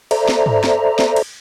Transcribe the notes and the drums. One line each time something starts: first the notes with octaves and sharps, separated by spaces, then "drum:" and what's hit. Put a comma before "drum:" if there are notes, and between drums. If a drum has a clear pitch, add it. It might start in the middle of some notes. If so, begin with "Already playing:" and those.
A4 C5 D5 E5 A#5, drum: cymbal
drum: snare
drum: tom
drum: snare
drum: snare
drum: cymbal